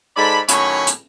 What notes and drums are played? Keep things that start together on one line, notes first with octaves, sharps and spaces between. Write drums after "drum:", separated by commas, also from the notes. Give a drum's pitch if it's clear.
G#2 A4 D5 B5
A2 D#3 F#3 C#4 C#5 B5, drum: hi-hat
drum: hi-hat